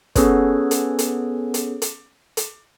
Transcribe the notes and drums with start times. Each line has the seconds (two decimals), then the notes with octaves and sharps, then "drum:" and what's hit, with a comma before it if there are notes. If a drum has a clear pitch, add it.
0.16 B3 C#4 G#4 A4 B4 C#5, drum: kick, hi-hat
0.71 drum: hi-hat
0.99 drum: hi-hat
1.54 drum: hi-hat
1.82 drum: hi-hat
2.37 drum: hi-hat